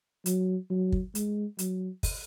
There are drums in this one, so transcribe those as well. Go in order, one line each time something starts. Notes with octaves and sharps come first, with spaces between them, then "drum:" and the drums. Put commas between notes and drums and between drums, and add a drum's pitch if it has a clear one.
F#3, drum: hi-hat
F#3
drum: kick
G#3, drum: hi-hat
F#3, drum: hi-hat
drum: kick, open hi-hat